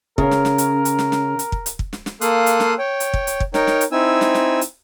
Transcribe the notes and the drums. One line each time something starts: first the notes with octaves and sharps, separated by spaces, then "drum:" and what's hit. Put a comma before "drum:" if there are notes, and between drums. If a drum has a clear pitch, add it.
C#3 A#4, drum: kick
drum: snare
drum: snare
drum: hi-hat
drum: hi-hat
drum: snare
drum: snare
drum: hi-hat
drum: kick
drum: hi-hat
drum: kick
drum: snare
drum: snare
A#3 A4 F5 C6 D#6 F#6, drum: hi-hat
drum: hi-hat
drum: snare
C#5 G5
drum: hi-hat
drum: kick
drum: hi-hat
drum: kick
D#4 A#4 C#5 G5, drum: snare
drum: snare
drum: hi-hat
C4 D#4 E4 G#5 E6
drum: snare
drum: snare
drum: hi-hat